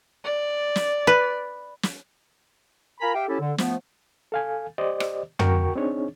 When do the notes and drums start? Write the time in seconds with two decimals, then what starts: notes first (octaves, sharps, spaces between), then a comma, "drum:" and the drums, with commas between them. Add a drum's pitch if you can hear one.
0.24 D5
0.76 drum: snare
1.07 B4
1.83 drum: snare
3.00 F4 A#4 G#5 A#5 B5
3.14 G4 E5 F5 G5
3.28 F#3 C#4 E4 G4 A4
3.40 D3
3.58 F3 A3 B3, drum: snare
4.32 A4 F5 G#5
4.78 G4 C5 D5 D#5
5.00 drum: rim click
5.39 D2 F#4 A#4 G5 C#6, drum: tom
5.75 C4 D4 D#4 G#4 C#5